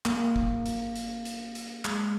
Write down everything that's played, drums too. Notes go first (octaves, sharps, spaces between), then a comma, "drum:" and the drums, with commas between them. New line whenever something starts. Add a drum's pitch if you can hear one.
A#3, drum: clap
drum: kick
drum: hi-hat
drum: hi-hat
drum: hi-hat
drum: hi-hat
G#3, drum: clap